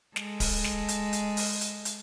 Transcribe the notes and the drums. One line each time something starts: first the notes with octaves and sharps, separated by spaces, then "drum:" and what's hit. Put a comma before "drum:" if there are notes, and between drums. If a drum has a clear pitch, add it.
G#3 A4, drum: snare
drum: kick D1, open hi-hat
drum: snare
drum: hi-hat
drum: hi-hat
drum: open hi-hat
drum: hi-hat
drum: hi-hat